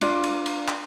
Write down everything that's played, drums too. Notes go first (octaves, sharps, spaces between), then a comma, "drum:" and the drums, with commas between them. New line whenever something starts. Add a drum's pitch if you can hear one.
D4 F4 D5 F5, drum: cymbal
drum: cymbal
drum: cymbal
drum: clap